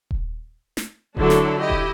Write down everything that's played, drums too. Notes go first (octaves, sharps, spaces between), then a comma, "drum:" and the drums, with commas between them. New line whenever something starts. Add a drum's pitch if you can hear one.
drum: kick D#1
drum: snare
D3 F#3 D4 E4 A4, drum: kick D#1
drum: snare
E4 G4 D#5
drum: kick D#1